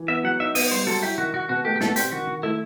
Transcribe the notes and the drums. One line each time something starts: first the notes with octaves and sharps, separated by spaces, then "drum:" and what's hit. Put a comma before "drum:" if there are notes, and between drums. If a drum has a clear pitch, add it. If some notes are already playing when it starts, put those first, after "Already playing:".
Already playing: E3
B3 E5
F#3 F#5
D#4 E5
B3 D#5, drum: open hi-hat
G3 C5
F#3 A4
E4 G4
D#3 F#4
D#3 F#4
B2 F#4
A3 G4
G4
B2 A4, drum: snare
C4 G4, drum: hi-hat
D#3 F#4
D#3
A3 E4